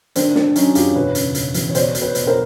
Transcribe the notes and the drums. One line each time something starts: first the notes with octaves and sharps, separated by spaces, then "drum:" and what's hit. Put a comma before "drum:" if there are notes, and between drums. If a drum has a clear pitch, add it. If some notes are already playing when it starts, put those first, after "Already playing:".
D#3 C4 D4, drum: hi-hat
D#3 C4 D4, drum: snare
F#3 C#4 D#4, drum: hi-hat
F#2 F4 G4, drum: hi-hat
E1 B4 C#5
C#3, drum: hi-hat
E1, drum: hi-hat
E2, drum: hi-hat
C#5
B2 C5 D5, drum: hi-hat
B2, drum: hi-hat
B4 C#5
B2, drum: hi-hat
A#4 C5